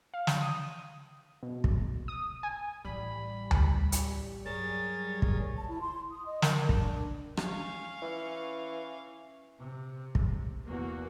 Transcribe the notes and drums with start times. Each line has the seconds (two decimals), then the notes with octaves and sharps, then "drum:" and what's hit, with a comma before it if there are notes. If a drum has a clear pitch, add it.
0.14 F5
0.27 drum: snare
0.41 D#6
1.43 B2
1.64 drum: kick
2.08 D#6
2.43 G#5
2.85 A1 E3 G3 B5
3.51 drum: tom D2
3.92 drum: hi-hat
4.46 G2 F#3 G#4 A#4 C#5 A6
5.22 drum: kick
5.57 A5
5.69 E4
5.81 C6
6.10 D#6
6.26 D#5
6.42 A#4, drum: snare
6.69 D4, drum: kick
7.37 C#4 F5, drum: rim click
8.02 E3
9.59 C3
10.15 drum: kick
10.67 E2 A#3 F#4